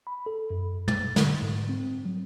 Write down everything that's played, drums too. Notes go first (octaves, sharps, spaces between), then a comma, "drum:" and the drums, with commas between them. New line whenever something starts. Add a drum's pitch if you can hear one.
B5
A4
F#2
A6, drum: tom
D3, drum: snare
G#2
C4
F#3